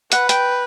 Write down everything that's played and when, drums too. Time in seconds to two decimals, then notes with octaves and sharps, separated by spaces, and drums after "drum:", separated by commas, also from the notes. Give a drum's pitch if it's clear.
0.12 B4 F#5, drum: hi-hat
0.29 G5, drum: hi-hat